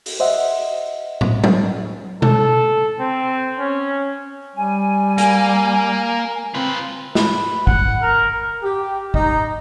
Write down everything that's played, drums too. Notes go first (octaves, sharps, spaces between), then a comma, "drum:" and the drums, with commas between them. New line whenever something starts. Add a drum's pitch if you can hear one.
drum: open hi-hat
C5 D#5 E5 F#5
drum: tom
drum: tom F#3
A4, drum: tom B2
C4
C#4
G3 G#5
A#3, drum: hi-hat
C4 F4 B4
B4, drum: snare
F#5, drum: kick
A#4
G4
D#4, drum: kick